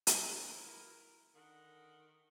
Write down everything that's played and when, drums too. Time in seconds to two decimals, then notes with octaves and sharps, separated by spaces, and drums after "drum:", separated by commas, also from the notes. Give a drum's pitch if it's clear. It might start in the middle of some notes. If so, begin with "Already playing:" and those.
0.07 drum: hi-hat
0.24 E3 E4 A#4
1.35 D3 D#3 A#4 F#5